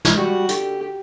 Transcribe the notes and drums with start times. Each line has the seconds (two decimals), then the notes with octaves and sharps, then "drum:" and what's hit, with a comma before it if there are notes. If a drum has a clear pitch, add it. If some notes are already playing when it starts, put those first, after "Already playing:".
0.05 drum: snare
0.17 G3 F#4
0.49 D3 G4, drum: hi-hat